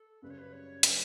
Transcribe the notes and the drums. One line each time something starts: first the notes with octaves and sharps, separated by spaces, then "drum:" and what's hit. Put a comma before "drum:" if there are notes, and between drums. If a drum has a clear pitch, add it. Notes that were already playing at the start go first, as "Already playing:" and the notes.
Already playing: A4
F#2 C#3 G3 B4
C#5
B4
C#5
C#3 F#3 A3 D4 B4, drum: hi-hat